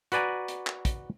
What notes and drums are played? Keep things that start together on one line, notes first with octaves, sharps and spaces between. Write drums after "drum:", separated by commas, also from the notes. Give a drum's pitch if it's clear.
F#4 B4 D5 G#5 A#5, drum: hi-hat
drum: hi-hat
drum: clap
drum: kick, hi-hat